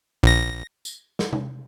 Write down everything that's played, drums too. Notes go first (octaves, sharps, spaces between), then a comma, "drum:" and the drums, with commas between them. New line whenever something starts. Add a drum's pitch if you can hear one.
A#1 A#6
drum: tambourine
drum: snare
drum: tom C3